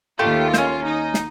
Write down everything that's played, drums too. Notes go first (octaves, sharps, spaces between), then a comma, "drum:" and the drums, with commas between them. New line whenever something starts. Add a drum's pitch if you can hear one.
D#2 A3 F4 G4
C4 C#4, drum: snare
D#4
drum: snare